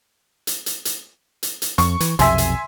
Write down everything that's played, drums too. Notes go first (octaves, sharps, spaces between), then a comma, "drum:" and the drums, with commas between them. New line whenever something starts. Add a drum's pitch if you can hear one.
drum: hi-hat
drum: hi-hat
drum: hi-hat
drum: hi-hat
drum: hi-hat
F2 C#6, drum: hi-hat
E3, drum: hi-hat
B1 F2 C3 E5 G#5 C6, drum: hi-hat
drum: hi-hat